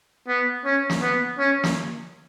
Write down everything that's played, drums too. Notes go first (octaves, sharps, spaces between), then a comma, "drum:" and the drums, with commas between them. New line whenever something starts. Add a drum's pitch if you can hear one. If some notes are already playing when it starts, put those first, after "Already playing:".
B3
C#4
drum: snare
B3
C#4
drum: snare